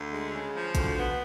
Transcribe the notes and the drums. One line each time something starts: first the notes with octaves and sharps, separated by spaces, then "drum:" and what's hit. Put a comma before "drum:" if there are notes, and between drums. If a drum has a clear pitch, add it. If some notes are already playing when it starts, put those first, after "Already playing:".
Already playing: D2
G#3
C#3
F3
D2, drum: kick, hi-hat
B3